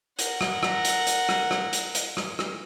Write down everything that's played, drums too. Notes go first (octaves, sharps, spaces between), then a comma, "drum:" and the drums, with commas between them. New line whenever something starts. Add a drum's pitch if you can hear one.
A#4 F#5, drum: hi-hat
drum: rim click
drum: rim click
drum: hi-hat
drum: hi-hat
drum: rim click
drum: rim click
drum: hi-hat
drum: hi-hat
drum: rim click
drum: rim click